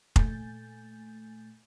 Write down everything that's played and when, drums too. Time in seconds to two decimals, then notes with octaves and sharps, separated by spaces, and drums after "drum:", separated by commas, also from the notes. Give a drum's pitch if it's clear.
0.16 A#2 A3 G#5 G6 A6, drum: kick